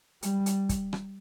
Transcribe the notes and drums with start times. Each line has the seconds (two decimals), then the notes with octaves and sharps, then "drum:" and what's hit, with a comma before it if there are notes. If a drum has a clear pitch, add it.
0.22 G3, drum: hi-hat
0.46 drum: hi-hat
0.69 drum: kick, hi-hat
0.93 drum: rim click